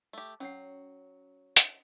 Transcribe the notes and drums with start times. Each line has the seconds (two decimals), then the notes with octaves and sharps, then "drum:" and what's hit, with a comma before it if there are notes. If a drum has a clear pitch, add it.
0.13 A3 G4
0.40 F#3 C#4 C#5 F#5
1.56 drum: hi-hat